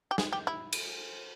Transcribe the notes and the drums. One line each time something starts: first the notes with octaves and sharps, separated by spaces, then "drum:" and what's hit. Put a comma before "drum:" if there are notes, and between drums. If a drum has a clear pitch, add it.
G4
G#4, drum: snare
G4
E4
drum: cymbal